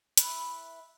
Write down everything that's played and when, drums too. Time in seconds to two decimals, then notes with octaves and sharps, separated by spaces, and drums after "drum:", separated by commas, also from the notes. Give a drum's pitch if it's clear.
0.18 E4 B4 E5, drum: hi-hat